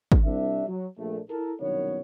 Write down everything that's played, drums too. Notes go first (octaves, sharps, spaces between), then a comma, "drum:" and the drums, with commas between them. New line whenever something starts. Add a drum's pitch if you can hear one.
drum: kick G#1
C2 D4 E5
F#3
A#1 A3
E4 A4 A#4
C2 F#2 B2 D#3 B3 C#5